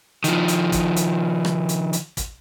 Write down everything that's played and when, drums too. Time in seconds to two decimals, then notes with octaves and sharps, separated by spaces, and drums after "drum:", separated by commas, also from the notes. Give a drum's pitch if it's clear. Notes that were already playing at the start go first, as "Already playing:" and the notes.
0.24 D#3 F3, drum: hi-hat
0.48 drum: hi-hat
0.72 drum: kick, hi-hat
0.96 drum: hi-hat
1.45 drum: rim click
1.69 drum: hi-hat
1.93 drum: hi-hat
2.17 drum: kick, hi-hat